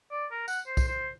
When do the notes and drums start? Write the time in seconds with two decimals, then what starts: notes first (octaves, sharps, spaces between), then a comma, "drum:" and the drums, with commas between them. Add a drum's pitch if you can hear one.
0.11 D5
0.31 A#4
0.48 F#5, drum: tambourine
0.67 C5
0.77 drum: kick, tambourine
0.88 C5